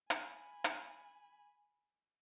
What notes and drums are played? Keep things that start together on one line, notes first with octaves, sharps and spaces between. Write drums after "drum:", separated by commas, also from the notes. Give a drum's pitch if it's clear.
G#5 B5, drum: hi-hat
drum: hi-hat